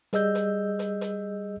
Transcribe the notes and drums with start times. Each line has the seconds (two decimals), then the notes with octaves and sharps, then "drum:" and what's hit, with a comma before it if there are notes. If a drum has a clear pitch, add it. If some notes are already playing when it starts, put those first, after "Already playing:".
0.13 G3 G#4 D#5 E6 G6, drum: hi-hat
0.35 drum: hi-hat
0.79 drum: hi-hat
1.01 drum: hi-hat